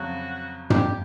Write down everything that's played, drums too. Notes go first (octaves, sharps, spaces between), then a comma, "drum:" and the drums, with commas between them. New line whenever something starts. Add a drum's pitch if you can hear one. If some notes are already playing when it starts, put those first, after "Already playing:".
Already playing: F2 C#3 F#3 F#4
G4, drum: tom